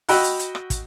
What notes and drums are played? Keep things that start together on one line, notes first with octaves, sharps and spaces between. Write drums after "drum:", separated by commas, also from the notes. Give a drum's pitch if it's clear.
F#4 D#5 G5 B5 E6 F#6, drum: open hi-hat
drum: hi-hat
drum: hi-hat
drum: rim click
drum: kick, hi-hat